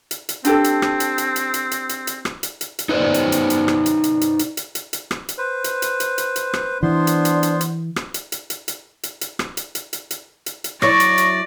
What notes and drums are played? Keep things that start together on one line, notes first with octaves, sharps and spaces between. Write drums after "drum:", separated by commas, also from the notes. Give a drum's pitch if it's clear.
drum: hi-hat
drum: hi-hat
C4 D4 G4 A4, drum: hi-hat
drum: hi-hat
drum: rim click
drum: hi-hat
drum: hi-hat
drum: hi-hat
drum: hi-hat
drum: hi-hat
drum: hi-hat
drum: hi-hat
drum: rim click
drum: hi-hat
drum: hi-hat
drum: hi-hat
D#4 B4 C5 D5
drum: hi-hat
drum: hi-hat
drum: hi-hat
drum: rim click
drum: hi-hat
drum: hi-hat
drum: hi-hat
drum: hi-hat
drum: hi-hat
drum: hi-hat
drum: hi-hat
drum: rim click
drum: hi-hat
B4 C5
drum: hi-hat
drum: hi-hat
drum: hi-hat
drum: hi-hat
drum: hi-hat
drum: rim click
E3 B3 D4 C5 C6
drum: hi-hat
drum: hi-hat
drum: hi-hat
drum: hi-hat
drum: rim click
drum: hi-hat
drum: hi-hat
drum: hi-hat
drum: hi-hat
drum: hi-hat
drum: hi-hat
drum: rim click
drum: hi-hat
drum: hi-hat
drum: hi-hat
drum: hi-hat
drum: hi-hat
drum: hi-hat
F#3 E4 C#5 D5 C#6 A#6, drum: rim click
drum: hi-hat
drum: hi-hat